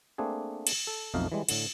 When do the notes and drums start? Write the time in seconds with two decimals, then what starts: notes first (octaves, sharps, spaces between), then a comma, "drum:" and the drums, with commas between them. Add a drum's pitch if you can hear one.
0.18 A3 A#3 C4 D4 G#4
0.67 drum: cymbal
0.87 A4
1.14 B1 F2 A3 D#4 F5
1.32 E3 G3 G#3
1.49 A2 D3, drum: cymbal